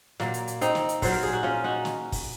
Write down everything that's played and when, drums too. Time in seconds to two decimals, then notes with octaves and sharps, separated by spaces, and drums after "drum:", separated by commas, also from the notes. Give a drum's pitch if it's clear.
0.20 A#2 F#3 A#3, drum: snare
0.34 drum: hi-hat
0.47 drum: hi-hat
0.61 C4 D#4, drum: hi-hat
0.75 drum: snare
0.89 drum: hi-hat
1.02 A#2 F#3 C5, drum: kick, open hi-hat
1.12 A#4
1.23 G#4
1.33 F#4
1.43 C#4 F4
1.64 D#4 F#4
1.85 drum: snare
2.12 drum: kick, open hi-hat